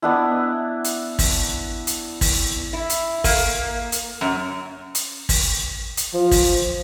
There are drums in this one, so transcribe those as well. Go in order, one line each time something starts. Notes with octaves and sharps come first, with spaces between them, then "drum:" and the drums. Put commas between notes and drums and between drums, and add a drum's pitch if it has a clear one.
B3 D4 E4
drum: hi-hat
drum: kick, open hi-hat
drum: hi-hat
drum: kick, open hi-hat
E4
drum: hi-hat
A#3, drum: kick, open hi-hat
drum: hi-hat
F#2
drum: hi-hat
drum: kick, open hi-hat
drum: hi-hat
F3
drum: kick, open hi-hat